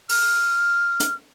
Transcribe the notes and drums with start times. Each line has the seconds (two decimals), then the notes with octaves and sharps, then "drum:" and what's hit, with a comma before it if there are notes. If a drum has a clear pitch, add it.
0.09 F6, drum: open hi-hat
1.00 drum: hi-hat